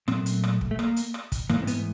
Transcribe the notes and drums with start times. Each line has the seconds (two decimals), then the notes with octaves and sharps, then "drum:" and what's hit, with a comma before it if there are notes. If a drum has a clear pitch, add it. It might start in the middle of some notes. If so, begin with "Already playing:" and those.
0.08 A#2 F#3 A3 C4, drum: rim click
0.26 drum: hi-hat
0.44 drum: rim click
0.61 drum: kick
0.71 A3
0.79 A#3, drum: rim click
0.96 drum: hi-hat
1.14 drum: rim click
1.32 drum: kick, hi-hat
1.49 G#2 E3 A3 A#3, drum: rim click
1.62 C4
1.67 B3, drum: hi-hat